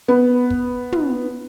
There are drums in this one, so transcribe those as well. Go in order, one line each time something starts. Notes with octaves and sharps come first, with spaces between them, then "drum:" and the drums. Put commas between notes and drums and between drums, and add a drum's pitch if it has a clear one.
B3
drum: kick
drum: tom